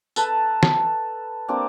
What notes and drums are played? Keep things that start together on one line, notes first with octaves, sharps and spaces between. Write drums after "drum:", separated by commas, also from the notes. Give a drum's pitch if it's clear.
A4 B4 A5 A#5, drum: tambourine
drum: snare
A#3 C4 D4 G4